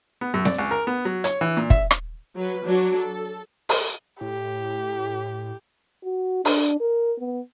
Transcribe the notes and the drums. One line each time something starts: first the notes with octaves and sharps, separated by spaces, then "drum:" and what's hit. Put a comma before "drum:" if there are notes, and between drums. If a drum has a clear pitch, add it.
B3
F#2
D5, drum: snare C4
C#2
A#4
B3
F#3
C#5, drum: hi-hat
E3
A#2
E5, drum: kick
drum: rim click
F#3 B4
F#3 D4 F#4
A4
drum: open hi-hat
A2 G4
F#4
D4, drum: open hi-hat
A#4
B3